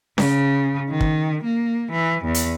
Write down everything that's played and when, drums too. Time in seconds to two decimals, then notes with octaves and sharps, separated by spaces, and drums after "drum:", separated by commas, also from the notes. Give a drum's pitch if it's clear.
0.18 C#3, drum: snare C#4
0.90 D#3
1.01 drum: kick
1.44 A#3
1.92 E3
2.25 E2
2.34 drum: hi-hat